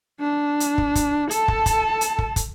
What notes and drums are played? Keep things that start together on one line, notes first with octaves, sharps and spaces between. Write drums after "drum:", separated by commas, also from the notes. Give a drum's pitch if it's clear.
D4
drum: hi-hat
drum: kick
drum: kick, hi-hat
A4 A5, drum: hi-hat
drum: kick
drum: kick, hi-hat
drum: hi-hat
drum: kick
drum: kick, hi-hat